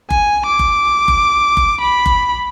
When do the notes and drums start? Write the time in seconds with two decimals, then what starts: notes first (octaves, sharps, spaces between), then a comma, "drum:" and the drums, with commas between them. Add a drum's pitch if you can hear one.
0.10 G#5, drum: kick F#1
0.46 D6
0.59 drum: kick F#1
1.08 drum: kick F#1
1.57 drum: kick F#1
1.81 B5
2.06 drum: kick F#1